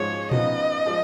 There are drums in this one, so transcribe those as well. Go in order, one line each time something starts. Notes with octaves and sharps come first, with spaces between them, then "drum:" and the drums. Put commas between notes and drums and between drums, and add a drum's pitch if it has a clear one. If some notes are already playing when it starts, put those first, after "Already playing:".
Already playing: G#2 F3 G#3 C#4 C#5
C#3 F3 B3 D#4 D#5, drum: tom A#2
F3 G#3